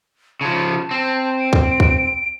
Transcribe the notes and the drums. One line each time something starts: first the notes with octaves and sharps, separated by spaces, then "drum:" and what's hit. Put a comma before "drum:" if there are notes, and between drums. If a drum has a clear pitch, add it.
C#3 F3 A5
C4
D7
drum: kick
drum: kick